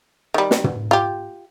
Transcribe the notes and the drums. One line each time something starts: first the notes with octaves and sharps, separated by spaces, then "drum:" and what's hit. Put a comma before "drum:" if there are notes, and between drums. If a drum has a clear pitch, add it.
D#3 G3
drum: snare
drum: tom
F4 G4